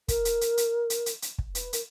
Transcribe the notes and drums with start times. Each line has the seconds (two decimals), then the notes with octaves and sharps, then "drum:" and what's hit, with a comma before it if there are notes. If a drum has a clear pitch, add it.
0.08 A#4, drum: kick, hi-hat
0.25 drum: hi-hat
0.41 drum: hi-hat
0.57 drum: hi-hat
0.90 drum: hi-hat
1.06 drum: hi-hat
1.22 drum: hi-hat
1.38 drum: kick
1.55 B4, drum: hi-hat
1.73 A#4, drum: hi-hat